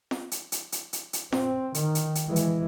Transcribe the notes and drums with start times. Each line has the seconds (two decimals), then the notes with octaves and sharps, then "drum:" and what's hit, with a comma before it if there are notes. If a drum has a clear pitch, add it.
0.11 drum: snare F4
0.31 drum: hi-hat
0.52 drum: hi-hat
0.72 drum: hi-hat
0.93 drum: hi-hat
1.13 drum: hi-hat
1.32 C4, drum: snare F4
1.74 D#3, drum: hi-hat
1.95 drum: hi-hat
2.15 drum: hi-hat
2.26 E3 G#3
2.36 drum: hi-hat